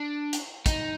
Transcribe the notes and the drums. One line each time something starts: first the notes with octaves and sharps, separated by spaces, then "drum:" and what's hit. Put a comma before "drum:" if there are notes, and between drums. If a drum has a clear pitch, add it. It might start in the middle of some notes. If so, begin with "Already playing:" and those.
Already playing: D4
drum: hi-hat
D#4, drum: kick, hi-hat